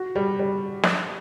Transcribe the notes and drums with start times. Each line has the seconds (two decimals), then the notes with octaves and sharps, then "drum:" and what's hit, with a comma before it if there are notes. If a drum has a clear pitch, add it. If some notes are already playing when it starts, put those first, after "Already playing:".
Already playing: F#4
0.15 G3
0.39 G3
0.83 drum: snare